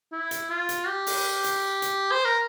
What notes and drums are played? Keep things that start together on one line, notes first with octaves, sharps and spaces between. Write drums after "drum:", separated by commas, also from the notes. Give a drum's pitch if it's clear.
E4
drum: hi-hat
F4
drum: hi-hat
G4
drum: open hi-hat
drum: hi-hat
drum: hi-hat
C5
A#4